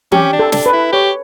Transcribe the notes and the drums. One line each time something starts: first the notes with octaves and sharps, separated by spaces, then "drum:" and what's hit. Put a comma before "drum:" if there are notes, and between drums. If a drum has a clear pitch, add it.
C#4 G4, drum: tom E3
D4
A4
D4, drum: snare
B4
E4
G4 C#5